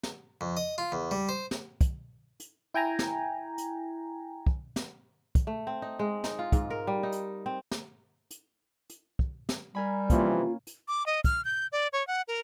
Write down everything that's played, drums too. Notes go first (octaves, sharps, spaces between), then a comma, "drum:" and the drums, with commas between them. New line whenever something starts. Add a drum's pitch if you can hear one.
drum: snare
F2
D#5
F4
E2
G3
C5
drum: snare
drum: kick, hi-hat
drum: hi-hat
E4 G5 G#5 A#5
drum: snare
drum: hi-hat
drum: kick
drum: snare
drum: kick, hi-hat
A3
C4
D#4
G#3
D#4, drum: snare
F4
G#2, drum: kick, hi-hat
A#4
G3
D#4
drum: hi-hat
C4
drum: snare
drum: hi-hat
drum: hi-hat
drum: kick
drum: snare
G3 A#4 G#5 B5
C3 E3 F3 A#3 C#4 F4, drum: kick, hi-hat
drum: hi-hat
D6
D#5
F6, drum: kick, hi-hat
G6
D5
C#5
F#5
A#4